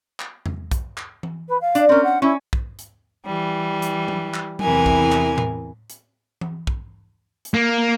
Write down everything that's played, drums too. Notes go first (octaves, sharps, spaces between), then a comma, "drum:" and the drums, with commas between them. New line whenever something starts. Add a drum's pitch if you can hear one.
drum: clap
drum: tom E2
drum: kick, hi-hat
drum: clap
drum: tom E3
B4
F5
D4, drum: hi-hat
C4 C#4 A#4
F#5
C#4 E4
drum: kick
drum: hi-hat
E3 G3
drum: hi-hat
drum: tom F#3
drum: clap
E2 C3 E3 E4 A#4 G#5, drum: tom F#3
drum: kick
drum: clap
drum: tom A2
drum: hi-hat
drum: tom E3
drum: kick
drum: hi-hat
A#3